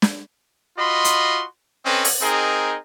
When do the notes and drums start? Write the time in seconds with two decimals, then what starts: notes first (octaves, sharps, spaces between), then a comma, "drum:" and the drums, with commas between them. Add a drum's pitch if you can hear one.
0.02 drum: snare
0.78 F4 F#4 D#5 B5 C6
1.04 drum: hi-hat
1.86 C4 C#4 A4 B4 D#5
2.05 drum: open hi-hat
2.20 C4 D#4 G#4 A#4 D#5